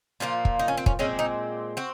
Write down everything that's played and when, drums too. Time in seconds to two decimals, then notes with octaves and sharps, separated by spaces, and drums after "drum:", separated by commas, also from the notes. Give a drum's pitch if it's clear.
0.20 A#2 F3 A#3 F4
0.45 drum: kick
0.59 D#4
0.68 C#4
0.77 C4
0.86 C#4, drum: kick
0.99 A#2 G#3 C4 C#4
1.19 D#4
1.77 C4 F#4